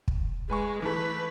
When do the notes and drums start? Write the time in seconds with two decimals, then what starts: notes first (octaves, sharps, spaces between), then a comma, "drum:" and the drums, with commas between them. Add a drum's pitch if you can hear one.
0.08 drum: kick
0.50 G#3 B4 G#5 C#6
0.82 E3 A3 B4